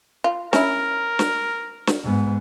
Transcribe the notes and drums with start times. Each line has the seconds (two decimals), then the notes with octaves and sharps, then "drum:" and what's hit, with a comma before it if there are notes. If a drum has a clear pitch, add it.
0.24 F4
0.53 C#4 E4 A#4, drum: snare
1.19 drum: snare
1.87 drum: snare
2.04 G#2 B3